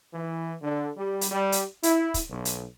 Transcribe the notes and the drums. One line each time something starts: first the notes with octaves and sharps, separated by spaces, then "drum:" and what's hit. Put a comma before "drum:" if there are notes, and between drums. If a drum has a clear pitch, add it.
E3
D3
G3
drum: hi-hat
G3
drum: hi-hat
E4, drum: hi-hat
drum: kick, hi-hat
B1
drum: hi-hat